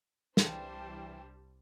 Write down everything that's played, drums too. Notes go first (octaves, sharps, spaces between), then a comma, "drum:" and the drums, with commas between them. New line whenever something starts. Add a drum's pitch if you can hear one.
C2 E3 G3 D4 C5 G5 A5, drum: snare